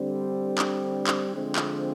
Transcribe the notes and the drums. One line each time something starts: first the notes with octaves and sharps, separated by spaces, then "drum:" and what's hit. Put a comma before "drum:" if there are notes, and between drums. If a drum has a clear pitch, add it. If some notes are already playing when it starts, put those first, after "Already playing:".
Already playing: D3 G3 C4
drum: clap
drum: clap
D3 F3 G#3 C4
drum: clap